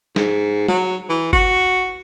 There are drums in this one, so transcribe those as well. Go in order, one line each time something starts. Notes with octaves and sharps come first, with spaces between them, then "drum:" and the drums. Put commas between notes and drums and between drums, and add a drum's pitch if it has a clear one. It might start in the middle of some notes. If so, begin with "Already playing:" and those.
G#2, drum: snare
F#3, drum: tom
E3
F#4, drum: kick F#1